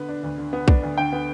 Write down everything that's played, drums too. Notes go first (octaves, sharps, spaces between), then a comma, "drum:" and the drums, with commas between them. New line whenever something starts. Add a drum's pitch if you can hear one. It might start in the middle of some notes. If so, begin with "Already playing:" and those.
Already playing: D3 B3 B4
D4
D2
D3
B3
D4, drum: kick B1
D2
D3 G5
B3